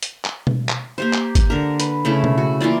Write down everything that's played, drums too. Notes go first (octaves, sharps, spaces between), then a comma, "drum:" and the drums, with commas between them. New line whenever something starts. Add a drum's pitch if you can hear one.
drum: hi-hat
drum: clap
drum: tom B2
drum: clap
A#3 G4 C5
drum: clap
drum: kick G#1, hi-hat
D3 A#4
B4, drum: hi-hat
C#3 A3 E4
drum: tom B2
F#4
E3 A#3 F4 D5